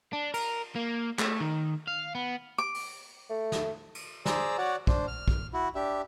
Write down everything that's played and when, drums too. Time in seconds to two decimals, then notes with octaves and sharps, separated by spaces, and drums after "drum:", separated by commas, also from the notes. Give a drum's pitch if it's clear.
0.13 D4
0.34 A#4, drum: cymbal
0.75 A#3
1.19 A3, drum: clap
1.40 D#3
1.87 F5
2.15 B3
2.58 D6
2.74 drum: open hi-hat
3.30 A3
3.52 drum: snare
3.95 drum: cymbal
4.26 G#4 C5 D5 A#5 E6, drum: snare
4.58 F#4 C#5 D5 F#5
4.87 D4 C5, drum: kick
5.08 F6
5.28 drum: kick
5.53 E4 F#4
5.75 D4 G4 E5